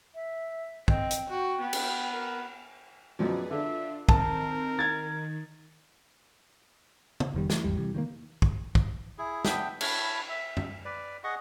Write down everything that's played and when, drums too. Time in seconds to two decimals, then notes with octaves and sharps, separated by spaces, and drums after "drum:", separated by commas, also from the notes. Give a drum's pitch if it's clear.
0.15 E5
0.88 C4 D#5, drum: kick
1.11 drum: hi-hat
1.29 F#4 G5
1.61 B3
1.73 drum: cymbal
2.13 A#4
3.19 F#2 B2 F3 G#4 B4 D5
3.51 D3 D4 F4 E5
4.09 D#3 C4 A#4 A5, drum: kick
4.79 D#3 G#6 A6
7.20 drum: tom
7.35 F1 D#3 G3
7.50 E3 A3, drum: snare
7.64 G#1 E2 G3
7.76 C3 E3 G3
7.94 D#3 F#3 A#3
8.42 drum: kick
8.75 drum: kick
9.18 E4 G#4
9.45 B3 D4 E5 G5, drum: snare
9.81 E4 C#5 A5 B5, drum: cymbal
10.29 E5
10.57 drum: tom F#2
10.85 B4 D5
11.24 G#4 D#5 F#5 C#6